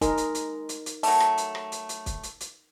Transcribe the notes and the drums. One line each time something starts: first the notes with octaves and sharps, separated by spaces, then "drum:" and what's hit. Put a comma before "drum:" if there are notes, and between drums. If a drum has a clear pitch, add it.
G#3 D#4 A#4, drum: kick, hi-hat
drum: hi-hat
drum: hi-hat
drum: hi-hat
drum: hi-hat
F#3 A3, drum: open hi-hat
drum: rim click
drum: hi-hat
drum: rim click
drum: hi-hat
drum: hi-hat
drum: kick, hi-hat
drum: hi-hat
drum: hi-hat